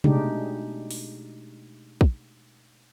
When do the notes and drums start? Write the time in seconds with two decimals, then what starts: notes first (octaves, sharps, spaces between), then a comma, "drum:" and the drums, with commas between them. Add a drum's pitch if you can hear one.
0.04 B2 G#3 A3 D4 D#4 G4, drum: tom C3
0.91 drum: open hi-hat
2.01 drum: kick